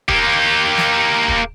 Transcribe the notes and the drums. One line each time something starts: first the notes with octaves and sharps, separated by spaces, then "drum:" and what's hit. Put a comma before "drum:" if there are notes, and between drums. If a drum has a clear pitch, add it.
A#3 G4, drum: kick
drum: snare
drum: kick